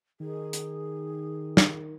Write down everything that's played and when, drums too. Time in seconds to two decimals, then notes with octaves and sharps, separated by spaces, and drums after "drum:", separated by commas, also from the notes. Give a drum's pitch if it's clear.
0.20 D#3 G#4
0.53 drum: hi-hat
1.57 drum: snare